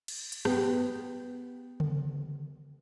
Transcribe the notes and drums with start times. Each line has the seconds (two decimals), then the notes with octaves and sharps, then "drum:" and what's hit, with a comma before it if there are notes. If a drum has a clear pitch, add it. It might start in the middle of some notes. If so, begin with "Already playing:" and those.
0.08 drum: cymbal
0.32 drum: hi-hat
0.45 B3 G4, drum: rim click
1.80 drum: tom C#3